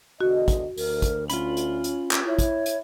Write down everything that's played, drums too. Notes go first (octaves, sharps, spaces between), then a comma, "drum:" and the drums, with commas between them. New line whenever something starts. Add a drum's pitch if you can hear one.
E2 D3 F#4 D#5
drum: kick, hi-hat
D2 A#4, drum: open hi-hat
drum: kick, hi-hat
C#4 F4 B5, drum: hi-hat
drum: hi-hat
drum: hi-hat
drum: clap
E4 C#5
drum: kick, hi-hat
drum: hi-hat